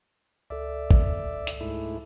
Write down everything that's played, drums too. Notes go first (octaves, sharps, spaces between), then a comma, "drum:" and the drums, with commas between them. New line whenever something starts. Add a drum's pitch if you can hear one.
C#2 A4 D5 E5
drum: kick
drum: hi-hat
G#2 A3 E4